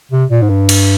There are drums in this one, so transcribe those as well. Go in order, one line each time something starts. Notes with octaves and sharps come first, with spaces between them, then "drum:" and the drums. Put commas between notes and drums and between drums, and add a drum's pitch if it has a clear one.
C3
A#2
G#2
G2
drum: cymbal